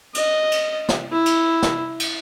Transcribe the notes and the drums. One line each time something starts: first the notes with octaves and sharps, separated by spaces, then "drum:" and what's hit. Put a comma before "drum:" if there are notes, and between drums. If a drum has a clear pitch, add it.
D#5, drum: cymbal
drum: cymbal
drum: snare
E4
drum: cymbal
drum: snare
drum: cymbal